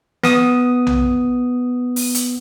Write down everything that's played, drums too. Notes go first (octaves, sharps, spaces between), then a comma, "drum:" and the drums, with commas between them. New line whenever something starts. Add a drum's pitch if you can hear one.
B3 D#6, drum: snare
drum: tom B1
drum: open hi-hat
drum: hi-hat